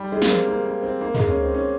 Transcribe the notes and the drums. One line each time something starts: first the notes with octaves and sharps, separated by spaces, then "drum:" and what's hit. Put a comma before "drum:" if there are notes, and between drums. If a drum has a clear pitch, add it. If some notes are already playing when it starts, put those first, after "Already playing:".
Already playing: G3
G#3
A#3, drum: snare
C4
A#3
A#3
C4
A#3
G#3, drum: tom
C#4
C4
C#4